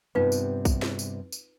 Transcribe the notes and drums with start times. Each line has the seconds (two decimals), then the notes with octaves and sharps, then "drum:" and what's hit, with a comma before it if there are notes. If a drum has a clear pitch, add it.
0.15 G2 C3 B3 D#4 F4 B4
0.32 drum: tambourine
0.65 drum: kick A#1, tambourine
0.82 drum: snare
0.99 drum: tambourine
1.32 drum: tambourine